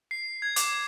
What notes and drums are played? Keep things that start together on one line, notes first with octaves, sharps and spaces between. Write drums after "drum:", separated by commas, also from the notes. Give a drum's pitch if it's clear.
C7
G#6
D6, drum: hi-hat